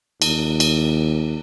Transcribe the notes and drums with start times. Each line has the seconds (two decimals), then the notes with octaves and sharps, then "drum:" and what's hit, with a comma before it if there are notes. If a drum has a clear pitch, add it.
0.22 D#2, drum: cymbal
0.60 drum: cymbal